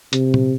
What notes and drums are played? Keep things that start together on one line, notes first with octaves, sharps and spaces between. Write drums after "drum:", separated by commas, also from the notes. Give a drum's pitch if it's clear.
C3, drum: hi-hat
drum: tom A#2